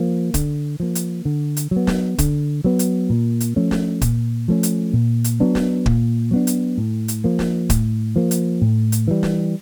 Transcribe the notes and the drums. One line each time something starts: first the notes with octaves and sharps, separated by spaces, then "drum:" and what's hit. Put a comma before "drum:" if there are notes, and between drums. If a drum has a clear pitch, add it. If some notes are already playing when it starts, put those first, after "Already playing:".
Already playing: F3 A#3
D3, drum: kick, hi-hat
F3 A#3
drum: hi-hat
D3
drum: hi-hat
F#3
B3
drum: snare
D3, drum: kick, hi-hat
F#3 B3
drum: hi-hat
A#2
drum: hi-hat
F3 A3 C#4
drum: snare
A#2, drum: kick, hi-hat
F3 A3 C#4
drum: hi-hat
A#2
drum: hi-hat
F#3 B3 D4
drum: snare
A#2, drum: kick
F#3 B3 D4
drum: hi-hat
A2
drum: hi-hat
F3 A#3
drum: snare
A2, drum: kick, hi-hat
F3 A#3
drum: hi-hat
A2
drum: hi-hat
E3 G3
drum: snare